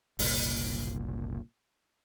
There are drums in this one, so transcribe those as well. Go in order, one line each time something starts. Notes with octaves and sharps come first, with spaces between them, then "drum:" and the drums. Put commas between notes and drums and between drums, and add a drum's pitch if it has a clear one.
F#1 C2 A#2, drum: open hi-hat